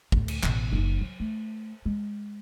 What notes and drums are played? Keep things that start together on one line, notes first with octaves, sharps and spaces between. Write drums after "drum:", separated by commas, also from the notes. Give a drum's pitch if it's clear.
D2 A2, drum: kick
drum: cymbal
A1 B2, drum: clap
F#1 D#4
F#3
A3
G#3